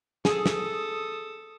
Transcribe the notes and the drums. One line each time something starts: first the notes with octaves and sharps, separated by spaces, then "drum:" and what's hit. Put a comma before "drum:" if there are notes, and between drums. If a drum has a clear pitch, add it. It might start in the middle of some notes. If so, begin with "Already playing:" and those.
G#4 A4 D#6, drum: snare
drum: snare